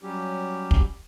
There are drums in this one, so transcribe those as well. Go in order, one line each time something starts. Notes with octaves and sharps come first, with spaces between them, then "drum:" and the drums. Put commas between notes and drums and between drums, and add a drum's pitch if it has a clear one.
F#3 G3 C#4 G4
drum: kick